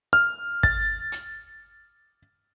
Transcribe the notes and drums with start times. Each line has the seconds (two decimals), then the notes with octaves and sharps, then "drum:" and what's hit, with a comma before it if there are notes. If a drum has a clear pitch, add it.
0.13 F6
0.63 A6, drum: kick
1.12 drum: hi-hat